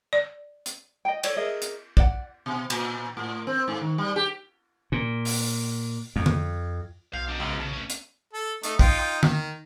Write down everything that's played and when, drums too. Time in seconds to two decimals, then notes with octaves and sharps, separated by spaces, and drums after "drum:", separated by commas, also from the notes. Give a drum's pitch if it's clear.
0.13 D5
0.66 drum: hi-hat
1.05 D#5 G5
1.23 A4 C#5 D5, drum: cymbal
1.37 G#4 A#4 D#5 E5
1.62 drum: hi-hat
1.97 D5 F#5, drum: kick
2.46 B2
2.70 A#2, drum: cymbal
3.17 A2
3.47 C4
3.68 G#2
3.81 D#3
3.98 G3
4.16 G4
4.92 A#2
5.25 drum: open hi-hat
6.16 F2
6.26 drum: tom D3
7.13 B1 F5 G6
7.28 D4 D#4
7.40 C#2 C4 F4
7.60 C#3 A5
7.73 A3 C#4
7.90 drum: hi-hat
8.33 A4
8.63 A3 D#4, drum: hi-hat
8.79 D#4 F4 G5, drum: kick
9.23 D#3, drum: tom